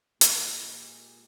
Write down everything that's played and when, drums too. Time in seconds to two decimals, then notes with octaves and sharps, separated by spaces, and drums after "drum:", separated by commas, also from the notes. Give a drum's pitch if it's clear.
0.21 A#2 G#3 G4 G#4, drum: hi-hat